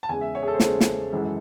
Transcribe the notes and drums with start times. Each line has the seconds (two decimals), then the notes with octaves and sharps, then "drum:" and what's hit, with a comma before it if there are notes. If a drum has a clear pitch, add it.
0.03 A5
0.09 E2 C#3 G#3 G#5
0.21 E5
0.35 C#5
0.43 G#4
0.47 A4
0.54 C5
0.60 E2 C#3 G#3 A4, drum: snare
0.81 drum: snare
1.12 G#1 F#2 E3 G#3